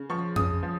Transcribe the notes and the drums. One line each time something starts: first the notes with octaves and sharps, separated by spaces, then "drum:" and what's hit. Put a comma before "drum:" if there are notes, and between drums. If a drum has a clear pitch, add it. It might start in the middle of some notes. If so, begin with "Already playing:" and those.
Already playing: C#3
F3 C#6
C#3 D#6, drum: tom F2
F3